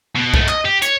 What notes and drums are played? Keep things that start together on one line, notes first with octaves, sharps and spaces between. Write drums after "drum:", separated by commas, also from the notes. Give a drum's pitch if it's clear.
B2
G#2 A3, drum: kick C2
D#5, drum: clap
G4
C#5, drum: hi-hat